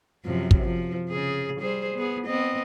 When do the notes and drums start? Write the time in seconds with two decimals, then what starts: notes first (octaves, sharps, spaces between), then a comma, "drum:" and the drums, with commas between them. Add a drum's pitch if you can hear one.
0.25 F#2 C3 F3
0.51 drum: kick
0.63 F3
1.10 C#3 G#4
1.60 G3 G#4 C5
1.95 B3 G#4
2.26 B3 C4 D#5